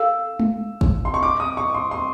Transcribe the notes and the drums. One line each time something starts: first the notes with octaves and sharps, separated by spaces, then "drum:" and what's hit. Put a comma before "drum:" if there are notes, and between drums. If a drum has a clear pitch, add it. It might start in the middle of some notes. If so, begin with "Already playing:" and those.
Already playing: A4 F5 E6
drum: tom G#3
drum: kick G#1
C6
C#6
D6
D#6
C#6
C6
C6